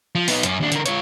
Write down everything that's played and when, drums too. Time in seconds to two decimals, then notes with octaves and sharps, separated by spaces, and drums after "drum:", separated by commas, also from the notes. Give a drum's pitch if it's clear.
0.15 F3
0.28 B3 D#4, drum: open hi-hat
0.43 F#2 C#4, drum: hi-hat
0.60 D#2 D4
0.72 D3 A#4, drum: hi-hat
0.86 F4 C#5, drum: hi-hat